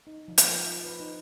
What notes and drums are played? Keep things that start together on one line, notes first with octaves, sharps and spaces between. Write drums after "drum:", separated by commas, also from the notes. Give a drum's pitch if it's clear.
D#4
F3
drum: hi-hat
F3
B4
D#4